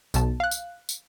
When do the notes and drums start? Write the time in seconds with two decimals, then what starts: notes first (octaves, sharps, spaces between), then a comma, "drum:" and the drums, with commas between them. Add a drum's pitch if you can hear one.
0.14 B1 B2 A5, drum: tambourine
0.40 F5 F#6
0.51 drum: tambourine
0.89 drum: tambourine